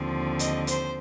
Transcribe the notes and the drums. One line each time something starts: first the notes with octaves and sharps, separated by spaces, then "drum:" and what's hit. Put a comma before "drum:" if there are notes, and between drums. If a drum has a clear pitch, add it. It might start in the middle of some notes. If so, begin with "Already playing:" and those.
Already playing: D#2 D3 F3 C4
D#5, drum: hi-hat
C5, drum: hi-hat